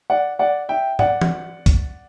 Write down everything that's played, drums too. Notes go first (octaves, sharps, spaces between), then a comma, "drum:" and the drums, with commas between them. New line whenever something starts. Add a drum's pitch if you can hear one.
D5 F#5
D5 F#5
E5 G5
D5 F#5, drum: tom
drum: tom
drum: kick, hi-hat